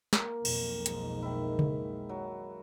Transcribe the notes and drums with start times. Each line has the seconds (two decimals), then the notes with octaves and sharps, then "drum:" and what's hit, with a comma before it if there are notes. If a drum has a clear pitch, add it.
0.13 A#3, drum: snare
0.45 B1 F2, drum: cymbal
0.86 G#2, drum: hi-hat
1.22 D#3 E4
1.59 drum: tom C#3
2.09 F#3